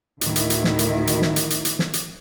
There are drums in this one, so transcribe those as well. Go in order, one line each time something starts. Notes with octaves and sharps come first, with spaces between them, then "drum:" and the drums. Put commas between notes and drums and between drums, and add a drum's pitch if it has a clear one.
D2 A2 D#3 E4 F#4, drum: hi-hat
drum: hi-hat
drum: hi-hat
drum: snare
drum: hi-hat
drum: hi-hat
drum: snare
drum: hi-hat
drum: hi-hat
drum: hi-hat
drum: snare
drum: hi-hat